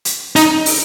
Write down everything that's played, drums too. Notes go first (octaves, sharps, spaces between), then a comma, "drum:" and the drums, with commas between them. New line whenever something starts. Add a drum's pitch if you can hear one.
drum: hi-hat
D#4, drum: hi-hat
drum: open hi-hat